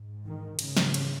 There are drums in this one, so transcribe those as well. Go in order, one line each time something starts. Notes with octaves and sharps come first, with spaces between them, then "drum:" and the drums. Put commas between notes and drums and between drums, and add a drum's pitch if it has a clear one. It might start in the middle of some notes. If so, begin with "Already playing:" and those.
Already playing: G#2
D#3
C#3, drum: cymbal
drum: snare
drum: cymbal